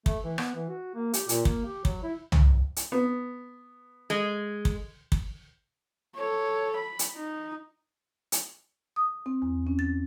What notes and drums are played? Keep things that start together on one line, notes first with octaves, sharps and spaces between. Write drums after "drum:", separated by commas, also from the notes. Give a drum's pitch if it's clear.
A3, drum: kick
E3
B3, drum: rim click
E3
F#4
A#3
G4, drum: hi-hat
A#2, drum: hi-hat
A#3, drum: kick
G4
F#3, drum: kick
E4
drum: tom C2
drum: hi-hat
B3
G#3
drum: kick
drum: kick
A4 C#5
B5
drum: hi-hat
D#4
drum: hi-hat
D#6
C4
E2
C#4
A6